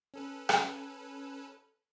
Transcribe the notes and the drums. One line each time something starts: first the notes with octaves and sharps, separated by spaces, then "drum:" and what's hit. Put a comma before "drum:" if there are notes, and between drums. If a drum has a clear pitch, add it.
C#4 A4 B4
drum: rim click